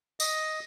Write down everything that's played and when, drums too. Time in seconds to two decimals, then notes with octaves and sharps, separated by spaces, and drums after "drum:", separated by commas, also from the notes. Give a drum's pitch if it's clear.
0.20 D#5, drum: tambourine